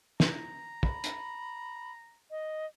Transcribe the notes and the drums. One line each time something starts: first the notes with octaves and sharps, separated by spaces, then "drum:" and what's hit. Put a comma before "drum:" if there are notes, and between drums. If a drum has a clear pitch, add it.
A#5, drum: snare
B5, drum: kick
drum: hi-hat
D#5